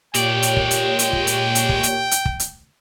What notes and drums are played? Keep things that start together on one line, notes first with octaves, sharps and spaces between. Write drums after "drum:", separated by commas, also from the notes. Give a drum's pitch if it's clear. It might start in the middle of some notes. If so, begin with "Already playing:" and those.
A#2 G#3 G4 C#5 D5 G5, drum: hi-hat
drum: hi-hat
drum: kick
drum: hi-hat
drum: hi-hat
drum: kick
drum: hi-hat
drum: hi-hat
drum: kick
drum: hi-hat
drum: hi-hat
drum: kick
drum: hi-hat